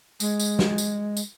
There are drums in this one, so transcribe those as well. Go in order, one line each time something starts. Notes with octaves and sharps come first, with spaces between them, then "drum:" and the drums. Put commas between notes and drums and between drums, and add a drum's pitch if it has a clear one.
G#3, drum: tambourine
drum: tambourine
drum: snare
drum: tambourine
drum: tambourine